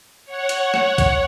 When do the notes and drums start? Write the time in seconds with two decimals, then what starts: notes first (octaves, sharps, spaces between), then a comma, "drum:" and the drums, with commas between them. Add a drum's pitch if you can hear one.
0.25 C#5 F#5
0.49 drum: hi-hat
0.74 drum: rim click
0.98 drum: kick, hi-hat